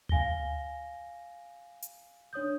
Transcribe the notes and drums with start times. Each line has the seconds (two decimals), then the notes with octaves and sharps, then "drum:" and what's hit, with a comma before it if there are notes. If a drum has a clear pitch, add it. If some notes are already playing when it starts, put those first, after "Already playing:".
0.09 F5 G#5 A#6 G7, drum: tom D2
1.82 drum: hi-hat
2.33 D4 C#5 D#6 G6